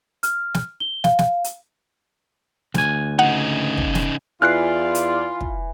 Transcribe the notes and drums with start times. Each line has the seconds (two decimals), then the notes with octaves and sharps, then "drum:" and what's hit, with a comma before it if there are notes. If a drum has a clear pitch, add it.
0.23 F6, drum: hi-hat
0.54 drum: snare
0.80 G7
1.04 F5, drum: snare
1.19 drum: snare
1.44 drum: hi-hat
2.74 D2 G#5, drum: snare
3.19 C#3 D#4 F#5
3.78 drum: kick
3.95 drum: snare
4.42 E2 E3 F4 D5 F6 F#6 C7
4.95 drum: hi-hat
5.41 drum: kick